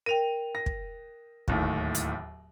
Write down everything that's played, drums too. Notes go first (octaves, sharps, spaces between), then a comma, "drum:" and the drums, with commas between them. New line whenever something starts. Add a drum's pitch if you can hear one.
A#4 G5 D#7 F7
A#6
drum: kick
D1 D#2 A2, drum: kick
drum: hi-hat